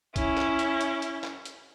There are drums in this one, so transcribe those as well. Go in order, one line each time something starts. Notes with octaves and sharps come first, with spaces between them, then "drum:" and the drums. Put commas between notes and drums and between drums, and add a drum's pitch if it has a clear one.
C#4 E4, drum: kick, hi-hat
drum: clap
drum: hi-hat
drum: hi-hat
drum: hi-hat
drum: clap
drum: hi-hat